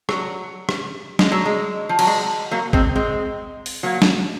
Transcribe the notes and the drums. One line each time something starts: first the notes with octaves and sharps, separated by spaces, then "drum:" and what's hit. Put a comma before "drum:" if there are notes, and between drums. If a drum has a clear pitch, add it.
F#3, drum: rim click
drum: rim click
G#3, drum: snare
F#3
G#3
F3
F#3, drum: cymbal
G#3
F#3 A#3
G#3 C4, drum: kick A1
G#3 C4
drum: open hi-hat
F#3 A#3
drum: snare